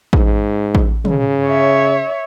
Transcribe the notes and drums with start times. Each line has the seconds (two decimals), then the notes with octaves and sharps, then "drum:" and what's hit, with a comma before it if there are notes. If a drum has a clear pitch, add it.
0.13 G#2, drum: kick A1
0.75 drum: kick A1
1.05 C#3, drum: tom
1.46 C#5 E5